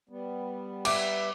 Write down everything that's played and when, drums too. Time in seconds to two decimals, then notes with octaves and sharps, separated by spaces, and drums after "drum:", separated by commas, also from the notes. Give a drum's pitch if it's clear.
0.09 G3 B3
0.85 E5 D6, drum: cymbal